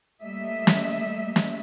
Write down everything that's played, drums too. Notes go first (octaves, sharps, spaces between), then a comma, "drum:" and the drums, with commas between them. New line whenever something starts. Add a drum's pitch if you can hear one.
G3 A3 A#3 D#5 E5
drum: snare
drum: snare